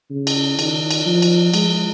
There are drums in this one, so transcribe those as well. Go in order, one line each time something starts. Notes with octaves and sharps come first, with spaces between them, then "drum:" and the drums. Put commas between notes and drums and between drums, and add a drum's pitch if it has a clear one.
C#3
drum: cymbal
D#3, drum: cymbal
drum: cymbal
F3
drum: cymbal
G#3, drum: cymbal